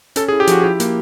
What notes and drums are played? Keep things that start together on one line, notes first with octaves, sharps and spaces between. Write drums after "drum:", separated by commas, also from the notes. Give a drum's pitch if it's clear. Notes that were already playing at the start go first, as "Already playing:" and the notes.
C#4 A4, drum: hi-hat
G#4
E4
G4
F3 F#4, drum: hi-hat
E4 G4
A#3, drum: hi-hat